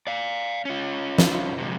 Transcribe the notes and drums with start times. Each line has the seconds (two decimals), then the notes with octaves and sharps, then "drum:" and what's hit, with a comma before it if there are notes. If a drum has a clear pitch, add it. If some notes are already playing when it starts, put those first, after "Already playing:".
0.07 D5 F5
0.65 C#4 F4
1.18 drum: snare
1.58 C3 G#3